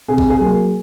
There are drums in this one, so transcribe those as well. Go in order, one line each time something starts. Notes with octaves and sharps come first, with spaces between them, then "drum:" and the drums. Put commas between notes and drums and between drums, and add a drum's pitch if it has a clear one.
C3 G#4
drum: kick A#1
G#4
F#3 A#3